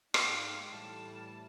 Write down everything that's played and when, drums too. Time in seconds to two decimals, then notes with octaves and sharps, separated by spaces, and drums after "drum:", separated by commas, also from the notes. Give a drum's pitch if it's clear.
0.14 G#2 D#4 F5 G5, drum: rim click
0.72 A2 E3 G3 A5